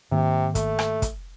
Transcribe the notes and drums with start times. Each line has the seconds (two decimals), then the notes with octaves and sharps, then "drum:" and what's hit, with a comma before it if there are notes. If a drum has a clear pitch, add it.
0.12 G#2 C3 D#3 A#3
0.55 A3, drum: kick, hi-hat
0.79 drum: rim click
1.02 drum: kick, hi-hat